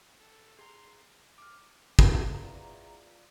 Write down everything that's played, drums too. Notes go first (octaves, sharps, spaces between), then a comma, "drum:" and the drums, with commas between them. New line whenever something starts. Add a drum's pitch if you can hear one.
A4
G#4 A#5 C6
D6 F6
drum: kick
E2 F4 D5 A#5